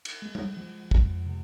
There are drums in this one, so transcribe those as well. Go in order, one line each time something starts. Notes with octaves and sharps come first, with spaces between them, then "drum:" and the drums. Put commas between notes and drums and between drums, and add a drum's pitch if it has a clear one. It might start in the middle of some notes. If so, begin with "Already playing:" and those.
drum: cymbal
G#3
drum: tom
F3
F2, drum: kick
C3